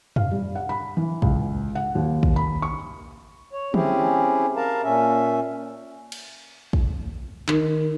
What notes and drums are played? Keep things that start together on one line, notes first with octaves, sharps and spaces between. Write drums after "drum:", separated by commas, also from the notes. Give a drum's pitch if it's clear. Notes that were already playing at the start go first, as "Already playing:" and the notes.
F5, drum: tom
G3
F#5
B5
E3
C#2, drum: kick
F#5
D#2
drum: kick
B5
C#6
C#5
C4 C#4 E4 G4 G#4, drum: tom
A#4 F5 A5 A#5
A#2 C#4 E5
drum: cymbal
drum: kick
D#3, drum: clap